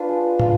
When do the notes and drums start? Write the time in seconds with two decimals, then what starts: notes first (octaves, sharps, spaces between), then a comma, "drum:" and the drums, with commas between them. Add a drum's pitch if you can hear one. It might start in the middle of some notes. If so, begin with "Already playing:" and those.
Already playing: D4 F4 B4
0.09 G#3
0.40 D4 F4, drum: tom